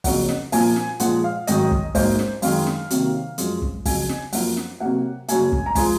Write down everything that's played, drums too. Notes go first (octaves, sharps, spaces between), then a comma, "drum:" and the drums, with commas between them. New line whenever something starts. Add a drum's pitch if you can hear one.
F2 C#3 F#3 A#3 F#5, drum: kick, open hi-hat
drum: snare
A#2 F3 A#3 G#5, drum: open hi-hat
drum: snare
A#2 F3 G#3 F#5, drum: hi-hat
F5
G#2 D#3 F#3 D#5, drum: hi-hat
drum: kick
G#2 F#3 A#3 C5, drum: kick, open hi-hat
drum: snare
F#2 D#3 G#3 F5, drum: open hi-hat
drum: snare
C3 D#3 F#3 A#3, drum: hi-hat
F#2 F3 G#3, drum: hi-hat
drum: kick
F2 C#3 F#3 G#5, drum: kick, open hi-hat
drum: snare
F#2 F3 A#3 F#5, drum: open hi-hat
drum: snare
C3 F#3 A#3 F#5
F#2 C#3 F#3 A#3 G#5, drum: hi-hat
drum: kick
A#5
F3 G#3 G#5, drum: kick, open hi-hat